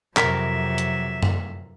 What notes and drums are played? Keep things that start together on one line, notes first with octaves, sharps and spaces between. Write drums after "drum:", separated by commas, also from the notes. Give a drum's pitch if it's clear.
F2 C3 F#3 A#4 E5 B6, drum: clap
drum: hi-hat
drum: tom F#2